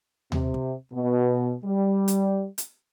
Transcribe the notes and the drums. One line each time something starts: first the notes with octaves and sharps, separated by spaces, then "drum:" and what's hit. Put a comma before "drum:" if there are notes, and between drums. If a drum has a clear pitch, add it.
C3, drum: tom D#2
drum: kick
B2
G3
drum: hi-hat
drum: hi-hat